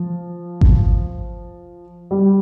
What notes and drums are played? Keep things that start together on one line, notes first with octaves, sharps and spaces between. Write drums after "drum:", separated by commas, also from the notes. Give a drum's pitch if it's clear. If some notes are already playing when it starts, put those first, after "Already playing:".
Already playing: F3
drum: kick G#1
G3